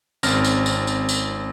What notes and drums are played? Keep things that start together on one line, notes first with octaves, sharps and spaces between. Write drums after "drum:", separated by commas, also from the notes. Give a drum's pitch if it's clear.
G#1 C4 C#4 F6 A#6, drum: tambourine
drum: tambourine
drum: tambourine
drum: tambourine
drum: tambourine